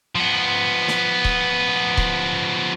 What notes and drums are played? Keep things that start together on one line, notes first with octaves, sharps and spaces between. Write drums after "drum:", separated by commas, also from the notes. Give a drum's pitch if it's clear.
F3 B3
drum: snare
drum: kick C#1
drum: kick C#1